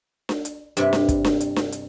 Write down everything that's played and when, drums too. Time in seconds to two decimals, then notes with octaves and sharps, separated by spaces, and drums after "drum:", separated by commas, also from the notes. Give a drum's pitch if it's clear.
0.29 drum: snare D4
0.45 drum: hi-hat
0.77 G2 C3 B4, drum: hi-hat
0.93 drum: snare D4
1.09 drum: kick, hi-hat
1.25 drum: snare D4
1.40 drum: hi-hat
1.56 drum: snare D4
1.72 drum: hi-hat